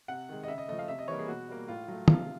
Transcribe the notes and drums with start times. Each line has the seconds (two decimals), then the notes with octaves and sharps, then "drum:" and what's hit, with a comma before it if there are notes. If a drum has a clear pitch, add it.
0.08 C3 F#5
0.29 D#3 G#3
0.43 D#5
0.48 C#3 E5
0.58 D#5
0.68 F3 A3 D#5
0.79 F5
0.88 C3 E5
0.99 D#5
1.08 E3 G3 A#3 C#5
1.19 G#4
1.28 B2 F#4
1.48 G3 A#3
1.68 A2 F4
1.88 F#3 A3
2.08 C3 F4, drum: tom